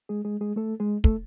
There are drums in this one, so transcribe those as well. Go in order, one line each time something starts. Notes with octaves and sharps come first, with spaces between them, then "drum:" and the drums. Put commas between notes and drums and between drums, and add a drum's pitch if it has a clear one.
G#3 G#4
G#3 G#4
G#3 G#4
A3 A4
G#3 G#4
A3 A4, drum: kick